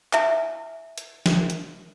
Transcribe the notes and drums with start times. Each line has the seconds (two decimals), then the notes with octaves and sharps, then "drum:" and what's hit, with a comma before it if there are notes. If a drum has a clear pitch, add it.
0.13 E4 E5 G#5, drum: clap
0.98 drum: hi-hat
1.26 drum: snare
1.50 drum: hi-hat